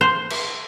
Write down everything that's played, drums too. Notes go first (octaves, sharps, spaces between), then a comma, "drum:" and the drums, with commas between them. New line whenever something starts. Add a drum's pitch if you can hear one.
C5
drum: cymbal